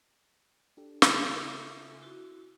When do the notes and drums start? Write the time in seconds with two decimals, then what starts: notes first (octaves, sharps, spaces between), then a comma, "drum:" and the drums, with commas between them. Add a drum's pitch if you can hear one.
0.77 D4 G4 A4
1.02 C#3 F4 A4 E5 G#5, drum: snare
2.02 E4 F#4